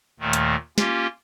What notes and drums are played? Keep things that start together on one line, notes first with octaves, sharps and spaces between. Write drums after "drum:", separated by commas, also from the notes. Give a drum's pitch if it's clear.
D#2 A#2 D#3 A3
drum: hi-hat
A#3 C#4 F4 G4, drum: snare